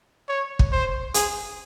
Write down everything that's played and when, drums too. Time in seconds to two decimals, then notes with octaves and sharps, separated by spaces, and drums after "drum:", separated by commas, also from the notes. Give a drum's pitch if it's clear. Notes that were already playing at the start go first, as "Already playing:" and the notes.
0.28 C#5
0.59 drum: kick
0.72 C5
1.14 G#4, drum: hi-hat